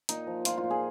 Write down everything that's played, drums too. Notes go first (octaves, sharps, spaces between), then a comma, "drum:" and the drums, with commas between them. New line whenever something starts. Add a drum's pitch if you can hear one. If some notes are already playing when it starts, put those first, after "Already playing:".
A#2 D#4, drum: hi-hat
F3
A#2 F4, drum: hi-hat
F4
A#2
G#4